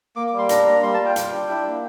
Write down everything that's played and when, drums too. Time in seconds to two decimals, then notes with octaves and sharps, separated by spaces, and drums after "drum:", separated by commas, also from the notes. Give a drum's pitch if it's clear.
0.16 A#3 D6
0.27 D6
0.32 G3
0.38 C6
0.49 D4 A#5, drum: hi-hat
0.66 A#3 A#5
0.83 G3 C6
0.94 A5
1.00 F4
1.05 G5
1.16 G3, drum: hi-hat
1.33 D4
1.49 E4
1.66 A#3